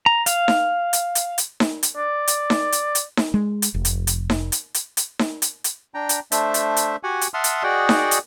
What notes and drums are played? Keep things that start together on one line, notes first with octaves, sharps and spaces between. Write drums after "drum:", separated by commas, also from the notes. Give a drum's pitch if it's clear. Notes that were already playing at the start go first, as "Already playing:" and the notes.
A#5
F5, drum: hi-hat
drum: snare D#4
drum: hi-hat
drum: hi-hat
drum: hi-hat
drum: snare D#4
drum: hi-hat
D5
drum: hi-hat
drum: snare D#4
drum: hi-hat
drum: hi-hat
drum: snare D#4
G#3
drum: hi-hat
F1
drum: hi-hat
drum: hi-hat
drum: snare D#4
drum: hi-hat
drum: hi-hat
drum: hi-hat
drum: snare D#4
drum: hi-hat
drum: hi-hat
D4 G5 A#5
drum: hi-hat
A3 D4 C5 E5, drum: hi-hat
drum: hi-hat
drum: hi-hat
F#4 G4 F#5 G#5
drum: hi-hat
E5 F#5 A5 C6 D#6 F6
drum: hi-hat
F#4 G#4 D5 D#5 F#5 G5
drum: snare D#4
drum: hi-hat